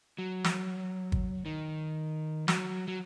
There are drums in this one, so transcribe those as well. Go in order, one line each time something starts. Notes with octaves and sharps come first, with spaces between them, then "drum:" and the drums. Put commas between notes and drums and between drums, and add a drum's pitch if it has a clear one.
F#3
drum: snare
drum: kick
D#3
F#3, drum: snare
F#3